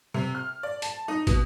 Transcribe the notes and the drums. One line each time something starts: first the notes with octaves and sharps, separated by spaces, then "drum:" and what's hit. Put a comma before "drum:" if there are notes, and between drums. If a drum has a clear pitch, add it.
C3
F6
D5
A5, drum: hi-hat
D#4
B2, drum: kick, hi-hat